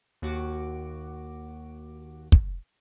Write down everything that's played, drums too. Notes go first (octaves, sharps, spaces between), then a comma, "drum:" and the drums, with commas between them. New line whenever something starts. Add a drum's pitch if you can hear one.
D#2 F#4 D6
drum: kick